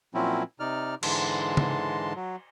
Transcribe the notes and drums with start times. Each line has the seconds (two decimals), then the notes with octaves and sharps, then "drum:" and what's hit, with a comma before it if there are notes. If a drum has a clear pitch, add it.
0.14 A#2 F3 F#3 C4 C#4 E4
0.60 C3 D#4 D5 F6
1.03 G#2 D3 E3 G#3 A5 C6, drum: cymbal
1.57 drum: tom C#3
2.15 F#3